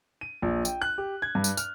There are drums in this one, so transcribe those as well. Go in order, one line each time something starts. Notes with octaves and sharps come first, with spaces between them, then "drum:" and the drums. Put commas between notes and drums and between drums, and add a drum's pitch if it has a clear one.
D#7
A#1
G5, drum: tambourine
F#6
G4
G#6
G2
drum: tambourine
F6, drum: tambourine